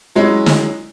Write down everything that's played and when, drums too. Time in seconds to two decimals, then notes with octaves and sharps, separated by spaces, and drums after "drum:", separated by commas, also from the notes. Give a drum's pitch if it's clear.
0.16 F#3 G#3 C#4 E4
0.46 drum: snare